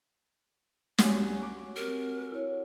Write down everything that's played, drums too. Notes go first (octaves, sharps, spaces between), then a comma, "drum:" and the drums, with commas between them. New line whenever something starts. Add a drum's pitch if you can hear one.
C#4 F#4 G4, drum: snare
D6
C4 G4 A#4
E4 C#5